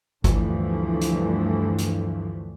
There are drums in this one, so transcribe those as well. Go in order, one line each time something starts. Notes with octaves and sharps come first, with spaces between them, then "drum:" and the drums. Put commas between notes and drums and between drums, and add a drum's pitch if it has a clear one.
D2 G2 D3 E3 F3 A3, drum: kick G#1, hi-hat
drum: hi-hat
drum: hi-hat